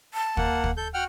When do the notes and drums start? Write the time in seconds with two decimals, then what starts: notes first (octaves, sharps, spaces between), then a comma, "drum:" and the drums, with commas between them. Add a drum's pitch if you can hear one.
0.14 A5
0.37 A#3 F#5, drum: kick
0.64 drum: kick
0.77 A4 G6
0.94 F#4 F#5 G5 F6